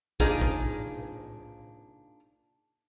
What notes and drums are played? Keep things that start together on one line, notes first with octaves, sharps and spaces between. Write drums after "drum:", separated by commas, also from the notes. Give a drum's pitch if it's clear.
A#3 D4 D#4 F4 G#4, drum: kick
drum: kick